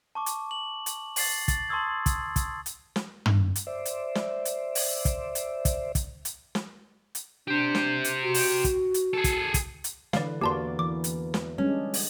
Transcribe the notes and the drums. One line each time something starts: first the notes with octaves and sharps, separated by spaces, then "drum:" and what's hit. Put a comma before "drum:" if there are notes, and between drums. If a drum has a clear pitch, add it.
A5 C#6 D6
drum: hi-hat
F#7
drum: hi-hat
A6 C7 F#7, drum: open hi-hat
A6, drum: kick, hi-hat
A5 C6 C#6 D#6 E6 G#6
drum: kick, hi-hat
drum: kick, hi-hat
drum: hi-hat
drum: snare
drum: tom
drum: hi-hat
C5 D5 E5
drum: hi-hat
drum: snare
drum: hi-hat
drum: open hi-hat
drum: kick, hi-hat
drum: hi-hat
drum: kick, hi-hat
drum: kick, hi-hat
drum: hi-hat
drum: snare
drum: hi-hat
D4 G4 C5
drum: snare
drum: hi-hat
F#4
drum: open hi-hat
drum: kick, hi-hat
drum: hi-hat
G#4 A4
drum: kick, hi-hat
drum: kick, hi-hat
drum: hi-hat
D3 E3 B4 D5 F5, drum: snare
E2 A#3 F#4 G4 D5 A5 C6
E3 D6
drum: hi-hat
drum: snare
G3 G#3 C#4 D4
drum: open hi-hat